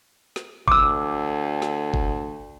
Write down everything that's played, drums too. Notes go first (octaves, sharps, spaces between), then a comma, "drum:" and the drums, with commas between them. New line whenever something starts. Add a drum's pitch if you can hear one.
drum: snare
D2 D6 E6, drum: kick G1
drum: snare
drum: kick G1